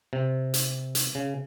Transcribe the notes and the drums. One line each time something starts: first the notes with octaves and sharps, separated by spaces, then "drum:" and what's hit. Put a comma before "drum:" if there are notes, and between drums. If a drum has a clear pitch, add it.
C3
drum: hi-hat
drum: hi-hat
C#3